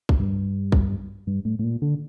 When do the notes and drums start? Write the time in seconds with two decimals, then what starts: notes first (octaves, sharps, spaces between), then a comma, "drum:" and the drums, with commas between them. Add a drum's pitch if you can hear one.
0.09 drum: kick
0.20 G2
0.72 drum: kick
1.27 G2
1.45 A2
1.59 A2
1.64 A#2
1.82 D3